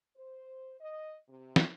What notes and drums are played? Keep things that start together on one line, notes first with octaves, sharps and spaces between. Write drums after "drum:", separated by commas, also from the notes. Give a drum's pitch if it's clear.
C5
D#5
C3
drum: snare